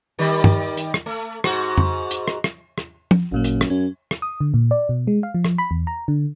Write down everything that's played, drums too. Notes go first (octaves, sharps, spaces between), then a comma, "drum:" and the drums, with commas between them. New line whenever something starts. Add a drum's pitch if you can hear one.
D#3 G3
drum: tom G2
drum: hi-hat
drum: rim click
A3
G#2 F#4, drum: rim click
drum: tom F2
drum: hi-hat
drum: rim click
drum: rim click
drum: rim click
drum: tom F3
A1 F#2 A#2 A#3
drum: hi-hat
drum: rim click
F#2 C#4
drum: rim click
D#6
D3
A#2
D5
B2
G#3
F5
F3
drum: rim click
B5
E2
A#5
D3